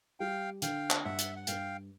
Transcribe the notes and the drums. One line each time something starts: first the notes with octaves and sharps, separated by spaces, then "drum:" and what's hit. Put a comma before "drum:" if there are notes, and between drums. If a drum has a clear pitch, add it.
G3 F5 G5
D3 F5 G5, drum: hi-hat
drum: clap
G2 E5 F#5
drum: hi-hat
F#5
G2 F5 G5, drum: hi-hat